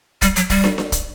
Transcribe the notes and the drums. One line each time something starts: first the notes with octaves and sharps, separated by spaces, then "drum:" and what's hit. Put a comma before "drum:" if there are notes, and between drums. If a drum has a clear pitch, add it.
G3, drum: kick, hi-hat
F#3, drum: hi-hat
G3, drum: kick, open hi-hat
drum: snare
drum: snare
drum: kick, hi-hat